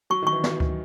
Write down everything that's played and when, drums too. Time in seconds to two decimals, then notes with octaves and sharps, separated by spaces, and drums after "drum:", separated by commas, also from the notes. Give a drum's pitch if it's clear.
0.10 F#3 C#6
0.22 D#3 C#6
0.33 E3
0.44 drum: snare
0.60 drum: kick D2